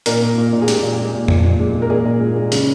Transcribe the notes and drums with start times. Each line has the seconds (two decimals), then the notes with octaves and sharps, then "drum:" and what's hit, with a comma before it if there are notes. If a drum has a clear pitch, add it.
0.06 A#2 A#4, drum: hi-hat
0.22 A#2
0.38 A#2
0.53 A#2
0.62 G#4
0.68 G#3 G4, drum: hi-hat
0.83 A#2
0.98 G#3
1.14 A#2
1.28 A#2, drum: tom F2
1.44 A#2
1.59 G#3
1.75 A#2
1.82 A#4
1.90 A#2 G#4
2.05 A#2
2.21 G#3
2.36 G#3
2.52 C#3, drum: hi-hat